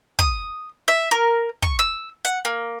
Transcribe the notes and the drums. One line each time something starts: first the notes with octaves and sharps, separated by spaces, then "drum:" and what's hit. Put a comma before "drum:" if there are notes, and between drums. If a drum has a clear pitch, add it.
D#6, drum: kick
E5
A#4
C#6, drum: kick
E6
F#5, drum: hi-hat
A#3